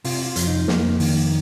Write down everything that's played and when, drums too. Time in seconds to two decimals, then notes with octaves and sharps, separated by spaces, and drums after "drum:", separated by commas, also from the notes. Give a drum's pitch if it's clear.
0.04 C3 F4, drum: open hi-hat
0.26 F4
0.36 F2, drum: hi-hat
0.47 D#4
0.68 F2 A#3, drum: snare
1.00 D#3, drum: open hi-hat